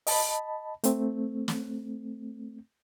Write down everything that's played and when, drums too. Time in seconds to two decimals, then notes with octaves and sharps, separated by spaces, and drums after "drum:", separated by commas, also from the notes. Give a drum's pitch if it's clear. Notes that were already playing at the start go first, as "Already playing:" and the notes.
0.07 D#5 A5 B5, drum: open hi-hat
0.84 A3 C4, drum: hi-hat
1.48 drum: snare